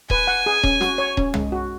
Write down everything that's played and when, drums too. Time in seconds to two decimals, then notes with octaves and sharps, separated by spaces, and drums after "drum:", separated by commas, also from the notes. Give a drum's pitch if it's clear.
0.10 B4 G#5, drum: kick D#1
0.27 F#5
0.46 G#4
0.63 C#4, drum: kick D#1
0.81 F#4, drum: snare
0.98 C#5
1.17 C#4, drum: kick D#1
1.34 G#3, drum: tom
1.52 F#4